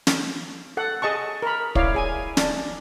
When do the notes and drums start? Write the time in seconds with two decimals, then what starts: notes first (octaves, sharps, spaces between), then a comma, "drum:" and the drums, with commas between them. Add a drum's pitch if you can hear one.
0.07 drum: snare
0.77 A4 F#5
1.02 G#4 D#5 A5 C#6
1.42 A#4 B5
1.75 E4 C#5 D5 F5, drum: kick
1.95 G#4 G#5
2.37 D4, drum: snare